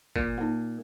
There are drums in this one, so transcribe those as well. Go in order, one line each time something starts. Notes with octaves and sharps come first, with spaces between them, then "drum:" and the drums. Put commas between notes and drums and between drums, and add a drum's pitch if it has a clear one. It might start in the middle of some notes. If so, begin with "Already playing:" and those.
A#2, drum: kick G1
A#3 D#4